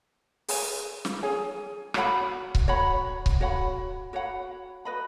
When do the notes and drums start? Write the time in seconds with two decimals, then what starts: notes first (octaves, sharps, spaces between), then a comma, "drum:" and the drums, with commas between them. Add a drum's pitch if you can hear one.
0.48 G#4 C#5 G#5, drum: open hi-hat
1.05 drum: snare
1.22 G#4 C#5 G#5
1.94 F#4 C#5 F#5 B5, drum: rim click
2.55 drum: kick C#1
2.68 F#4 C#5 F#5 B5
3.26 drum: kick C#1
3.40 F#4 C#5 F#5 B5
4.13 F#4 C#5 F#5 B5
4.85 F#4 B4 D#5 B5